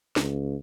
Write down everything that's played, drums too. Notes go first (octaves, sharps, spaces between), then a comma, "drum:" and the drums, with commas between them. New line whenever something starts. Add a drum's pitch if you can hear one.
C#2, drum: snare